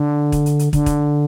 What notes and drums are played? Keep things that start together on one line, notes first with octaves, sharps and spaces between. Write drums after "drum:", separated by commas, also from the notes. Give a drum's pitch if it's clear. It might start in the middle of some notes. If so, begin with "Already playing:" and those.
Already playing: D3
drum: kick, hi-hat
drum: hi-hat
drum: hi-hat
D3, drum: kick, hi-hat
drum: kick, hi-hat